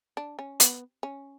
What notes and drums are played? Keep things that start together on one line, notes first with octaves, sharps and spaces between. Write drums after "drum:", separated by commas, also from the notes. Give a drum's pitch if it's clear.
D4
C#4
B3, drum: hi-hat
C#4